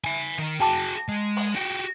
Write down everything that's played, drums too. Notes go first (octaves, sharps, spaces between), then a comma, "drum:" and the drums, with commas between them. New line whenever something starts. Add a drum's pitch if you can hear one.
E5 G#5
D#3
F#4 G#4 G5 A5 D6
G#3
drum: open hi-hat
F#4 G4